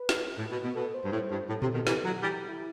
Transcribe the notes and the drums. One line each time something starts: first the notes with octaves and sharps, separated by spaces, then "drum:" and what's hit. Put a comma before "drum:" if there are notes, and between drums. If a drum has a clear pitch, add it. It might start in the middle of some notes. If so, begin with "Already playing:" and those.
Already playing: B4
drum: snare
A2
B2
B2
B2 A4
C5
G2
A2
G2
A2 A4
C3, drum: tom A#2
B2 D#3
C3 E3, drum: snare
D#3 F#3
E3 G3 G4
G4
E4